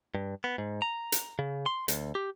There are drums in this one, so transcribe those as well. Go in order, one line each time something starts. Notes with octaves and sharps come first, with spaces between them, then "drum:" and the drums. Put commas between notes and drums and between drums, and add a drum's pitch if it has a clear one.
G2
B3
G#2
A#5
drum: hi-hat
C#3
C6
D2, drum: hi-hat
G4